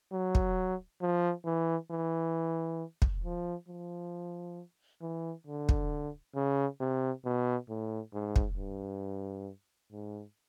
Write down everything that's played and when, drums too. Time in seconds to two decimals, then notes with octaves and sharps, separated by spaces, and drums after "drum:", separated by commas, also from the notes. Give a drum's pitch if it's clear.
0.13 F#3
0.35 drum: kick
1.02 F3
1.45 E3
1.91 E3
3.02 drum: kick
3.24 F3
3.68 F3
5.02 E3
5.47 D3
5.69 drum: kick
6.35 C#3
6.80 C3
7.25 B2
7.69 A2
8.14 G#2
8.36 drum: kick
8.57 G2
9.92 G#2